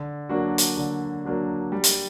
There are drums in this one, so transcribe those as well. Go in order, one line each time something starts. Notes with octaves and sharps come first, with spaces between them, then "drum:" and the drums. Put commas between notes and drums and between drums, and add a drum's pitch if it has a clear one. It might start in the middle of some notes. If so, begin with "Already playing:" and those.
Already playing: D3
F#3 A#3 D4 F#4
drum: hi-hat
D3
F#3 A#3 D4 F#4
G3
drum: hi-hat